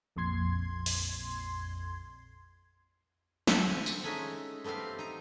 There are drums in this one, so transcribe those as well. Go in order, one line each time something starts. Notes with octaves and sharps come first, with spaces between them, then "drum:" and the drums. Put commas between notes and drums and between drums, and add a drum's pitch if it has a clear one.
A#1 F2 A#2 C6 G#6 C7
drum: open hi-hat
D3 F3 A3, drum: snare
C4 F#5 G#5
drum: tambourine
G#3 A3 C#4 D#4 E5
A3 B3 C4 G4 F5
D#4 A#5